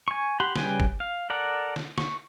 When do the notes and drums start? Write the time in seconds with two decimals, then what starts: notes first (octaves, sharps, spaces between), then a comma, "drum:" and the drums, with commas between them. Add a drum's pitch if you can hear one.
0.08 G#5 C#6
0.40 G4 F#5 B5 C6
0.56 C#3 G3 B4 G5 G#5, drum: snare
0.80 drum: kick
1.00 F5
1.30 A4 A#4 D5 F#5
1.76 drum: snare
1.98 C#6, drum: snare